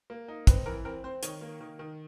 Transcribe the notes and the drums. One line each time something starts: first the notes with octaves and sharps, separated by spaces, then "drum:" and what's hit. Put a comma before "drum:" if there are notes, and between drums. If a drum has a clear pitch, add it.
A#3
D#4
C4 B4, drum: kick, hi-hat
E3 A#4
C4 A#4
C4 C5
D#3 C#5, drum: hi-hat
A#3
D#3
D#3